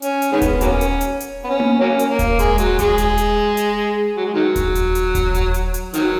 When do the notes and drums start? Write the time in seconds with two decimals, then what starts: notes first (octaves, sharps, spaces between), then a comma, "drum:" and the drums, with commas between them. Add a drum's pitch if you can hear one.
0.02 C#4, drum: hi-hat
0.22 drum: hi-hat
0.32 D#3 G#3 B3
0.42 drum: kick D#1, hi-hat
0.61 F#3 A#3 C#4, drum: hi-hat
0.81 drum: hi-hat
1.01 drum: hi-hat
1.20 drum: hi-hat
1.44 B3
1.50 C#4
1.60 drum: tom A#3
1.80 F#3 A#3 C#4
1.99 drum: hi-hat
2.09 A#3
2.19 drum: kick D#1, hi-hat
2.39 G#3, drum: hi-hat
2.58 F#3, drum: hi-hat
2.79 G#3, drum: kick D#1, hi-hat
2.98 drum: hi-hat
3.18 drum: hi-hat
3.57 drum: hi-hat
4.16 F#3
4.25 G#3
4.34 D#3 F#3
4.56 drum: kick D#1, hi-hat
4.75 drum: hi-hat
4.95 drum: hi-hat
5.15 drum: kick D#1, hi-hat
5.34 drum: hi-hat
5.54 drum: hi-hat
5.74 drum: hi-hat
5.94 D#3 F#3, drum: hi-hat